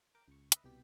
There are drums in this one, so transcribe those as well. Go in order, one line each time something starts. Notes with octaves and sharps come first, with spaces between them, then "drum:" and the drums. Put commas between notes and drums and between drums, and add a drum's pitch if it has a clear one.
A#4 G5 D6
C#2 C#6
B4 D#5 E5, drum: hi-hat
C2 B2 G4 B6